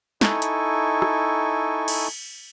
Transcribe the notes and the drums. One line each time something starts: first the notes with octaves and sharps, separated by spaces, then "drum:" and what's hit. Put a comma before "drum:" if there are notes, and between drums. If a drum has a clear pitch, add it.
D#4 E4 A4 G#5 C#6, drum: snare
drum: hi-hat
drum: rim click
drum: cymbal